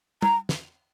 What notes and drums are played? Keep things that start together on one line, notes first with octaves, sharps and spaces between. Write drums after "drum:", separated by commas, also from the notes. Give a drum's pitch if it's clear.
A#5, drum: tom
drum: snare